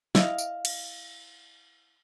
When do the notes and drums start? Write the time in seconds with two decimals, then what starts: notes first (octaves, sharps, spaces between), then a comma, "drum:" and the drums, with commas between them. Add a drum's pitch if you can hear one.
0.15 E4 D#5 F5, drum: snare
0.38 drum: tambourine
0.65 drum: cymbal